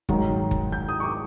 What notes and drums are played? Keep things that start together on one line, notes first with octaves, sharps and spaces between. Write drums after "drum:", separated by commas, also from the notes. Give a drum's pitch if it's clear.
G#2 D#3 F#3, drum: kick
drum: kick
G6
D#6
C#6
D6